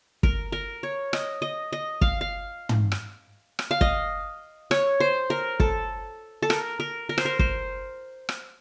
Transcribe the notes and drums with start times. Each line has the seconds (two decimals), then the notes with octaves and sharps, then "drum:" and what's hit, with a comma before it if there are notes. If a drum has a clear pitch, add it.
0.23 A#4, drum: kick
0.52 A#4
0.83 C#5
1.13 D#5, drum: rim click
1.42 D#5
1.73 D#5
2.01 F5, drum: kick
2.21 F5
2.69 drum: tom
2.92 drum: rim click
3.59 drum: rim click
3.71 F5
3.81 D#5, drum: kick
4.71 C#5, drum: rim click
5.00 C5
5.30 A#4
5.60 A4, drum: kick
6.42 A4
6.50 A#4, drum: rim click
6.80 A#4
7.09 A#4
7.18 C5, drum: rim click
7.25 A#4
7.39 C5, drum: kick
8.29 drum: rim click